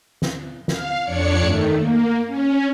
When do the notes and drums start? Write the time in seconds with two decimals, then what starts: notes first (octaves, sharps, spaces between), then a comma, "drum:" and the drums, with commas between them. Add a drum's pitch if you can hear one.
0.22 drum: snare
0.68 F5, drum: snare
1.03 F2 D4 C#5 D5 C#7
1.44 D#3 A3, drum: tom G2
1.76 A#3
2.27 C#4